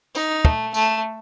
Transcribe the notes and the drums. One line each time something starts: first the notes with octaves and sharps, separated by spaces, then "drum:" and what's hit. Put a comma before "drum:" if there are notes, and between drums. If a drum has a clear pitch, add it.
D#4, drum: tambourine
A3, drum: kick
A3, drum: tambourine